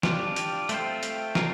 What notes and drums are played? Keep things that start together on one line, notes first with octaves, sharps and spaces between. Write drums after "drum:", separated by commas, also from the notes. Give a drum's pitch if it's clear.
G3 D4 F4, drum: snare
drum: hi-hat
A3 C4 F4 C5, drum: hi-hat
drum: hi-hat
D4 F4 A#4, drum: snare